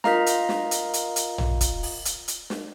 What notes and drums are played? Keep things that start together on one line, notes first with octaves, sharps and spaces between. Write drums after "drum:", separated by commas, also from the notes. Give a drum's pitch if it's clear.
F4 A#4 D#5 F5 A#5, drum: snare
drum: hi-hat
drum: snare
drum: hi-hat
drum: hi-hat
drum: hi-hat
drum: tom
drum: kick, hi-hat
drum: open hi-hat
drum: hi-hat
drum: hi-hat
drum: snare